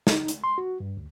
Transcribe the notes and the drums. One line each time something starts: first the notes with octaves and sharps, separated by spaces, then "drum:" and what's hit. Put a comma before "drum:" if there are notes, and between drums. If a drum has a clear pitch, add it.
D#4, drum: snare
drum: hi-hat
C6
F#4
G2
D2